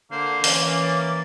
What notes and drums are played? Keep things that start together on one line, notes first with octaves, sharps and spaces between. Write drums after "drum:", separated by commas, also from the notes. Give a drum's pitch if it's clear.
D3 A#3 C5
E3 C#4 F5, drum: open hi-hat
D5